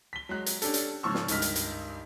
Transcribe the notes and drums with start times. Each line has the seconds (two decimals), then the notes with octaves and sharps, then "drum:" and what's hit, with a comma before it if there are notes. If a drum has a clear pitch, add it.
0.13 B6 G7
0.29 F#3 G#3 F#6
0.46 drum: hi-hat
0.62 C#4 D4 G4 A4, drum: hi-hat
0.74 drum: hi-hat
1.03 G#2 C#3 F3 C#6 E6
1.15 drum: snare
1.28 C#2 G2 D#3 D#5 F6 B6, drum: hi-hat
1.42 drum: hi-hat
1.56 drum: hi-hat